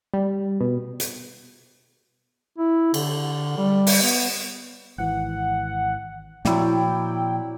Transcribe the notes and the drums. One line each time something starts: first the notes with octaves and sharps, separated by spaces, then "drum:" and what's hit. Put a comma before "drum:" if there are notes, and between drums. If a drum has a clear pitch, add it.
G3
B2
drum: hi-hat
E4
D3, drum: cymbal
G3
drum: open hi-hat
B3
G#1 E3 F#5
A#2 F3 F#3 C4 E4 D5 G5, drum: snare